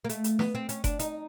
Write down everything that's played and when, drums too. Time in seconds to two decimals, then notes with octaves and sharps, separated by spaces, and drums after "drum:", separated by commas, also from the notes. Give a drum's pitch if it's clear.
0.04 A#3
0.09 A3, drum: hi-hat
0.24 drum: hi-hat
0.39 B3, drum: snare
0.55 C4
0.69 C#4, drum: hi-hat
0.84 D4, drum: kick F#1, hi-hat
0.99 D#4, drum: hi-hat